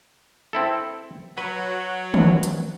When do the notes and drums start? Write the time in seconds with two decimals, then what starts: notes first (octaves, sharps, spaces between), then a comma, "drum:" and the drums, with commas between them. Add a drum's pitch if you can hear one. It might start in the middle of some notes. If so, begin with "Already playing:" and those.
0.53 C4 E4 A4
1.38 F#3 B4
2.14 drum: tom D#3
2.43 drum: hi-hat